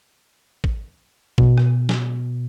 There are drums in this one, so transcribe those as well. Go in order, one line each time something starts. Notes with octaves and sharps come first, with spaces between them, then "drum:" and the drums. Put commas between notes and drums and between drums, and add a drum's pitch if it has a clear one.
drum: kick
B2, drum: kick
drum: rim click
drum: snare